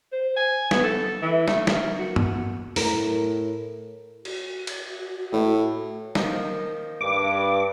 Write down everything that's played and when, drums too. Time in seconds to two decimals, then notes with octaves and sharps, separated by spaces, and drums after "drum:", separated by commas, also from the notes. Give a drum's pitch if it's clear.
0.12 C5
0.36 G#5
0.71 B3, drum: snare
0.83 A4
1.22 E3
1.48 A3, drum: snare
1.67 A#4, drum: snare
1.99 F#4
2.16 drum: tom G2
2.76 A2 A#4, drum: open hi-hat
4.25 F#4, drum: cymbal
4.67 drum: cymbal
5.32 A2
6.15 D#3 F3 A#3, drum: snare
7.01 G2 D6